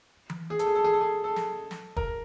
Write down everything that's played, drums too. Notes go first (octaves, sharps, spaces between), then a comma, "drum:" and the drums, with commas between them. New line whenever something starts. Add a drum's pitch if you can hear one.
drum: tom E3
G#4
A4, drum: hi-hat
G#4
A4
G#4
A4
G#4
A4
drum: snare
drum: snare
A#4, drum: kick